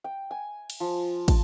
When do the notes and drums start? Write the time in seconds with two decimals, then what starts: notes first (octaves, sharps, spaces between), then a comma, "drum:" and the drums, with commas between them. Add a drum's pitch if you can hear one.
0.04 G5
0.31 G#5
0.70 drum: cymbal
0.80 F3
1.28 A5, drum: kick, cymbal